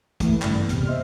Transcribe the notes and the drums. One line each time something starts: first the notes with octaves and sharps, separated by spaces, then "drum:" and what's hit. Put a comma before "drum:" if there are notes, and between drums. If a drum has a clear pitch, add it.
E3 A3 E4 B4, drum: kick, hi-hat
G2 C#3 D5, drum: clap
B3
A#1 E2 C3 F6, drum: hi-hat
C5 D#5 E5 C6